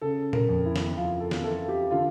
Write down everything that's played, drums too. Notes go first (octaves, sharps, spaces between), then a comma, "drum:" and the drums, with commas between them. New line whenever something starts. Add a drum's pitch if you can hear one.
C#3 A4
A#4, drum: tom A#2
F2
E4
drum: snare
F2 F4
A4
drum: snare
E3 A4
G4
D3 F4